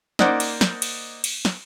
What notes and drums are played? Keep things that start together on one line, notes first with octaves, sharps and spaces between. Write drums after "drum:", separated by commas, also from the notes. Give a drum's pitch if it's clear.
A#3 D#4 C5 D5 F#5, drum: snare
drum: cymbal
drum: snare
drum: cymbal
drum: cymbal
drum: snare